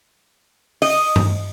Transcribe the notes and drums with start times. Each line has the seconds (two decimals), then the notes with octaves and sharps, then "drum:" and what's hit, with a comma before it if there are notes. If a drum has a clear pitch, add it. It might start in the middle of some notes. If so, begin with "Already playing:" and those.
0.82 D#5, drum: open hi-hat
1.16 drum: tom G2